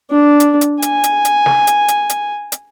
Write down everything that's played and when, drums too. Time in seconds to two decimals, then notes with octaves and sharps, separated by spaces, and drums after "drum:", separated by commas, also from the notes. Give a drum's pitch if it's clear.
0.11 D4
0.40 drum: hi-hat
0.61 drum: hi-hat
0.82 G#5, drum: hi-hat
1.04 drum: hi-hat
1.25 drum: hi-hat
1.46 drum: snare
1.67 drum: hi-hat
1.88 drum: hi-hat
2.09 drum: hi-hat
2.52 drum: hi-hat